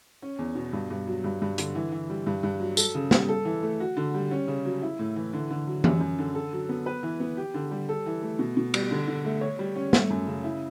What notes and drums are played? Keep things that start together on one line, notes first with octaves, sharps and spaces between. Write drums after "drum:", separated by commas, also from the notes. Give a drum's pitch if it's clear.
C#4
E2
B2
G2
G2
F#3
G2
G2
D3, drum: hi-hat
E3
E3
G3
G2
G2
F#3
A4, drum: tambourine
C#3
G3, drum: snare
A4
E3
A3
F#4
D3
G3
C#4
C#3
F#3
E4
A2
E3
D3
D3
F#3
F#2, drum: tom E3
F#2
D3
A4
F#3
B3
B4
E3
B3
G4
D3
G3
A4
E3
A3
B2
B2
G3, drum: cymbal
D3
D3
A3
C#5
G3
C#4
A3, drum: snare
F#2
C#3
E4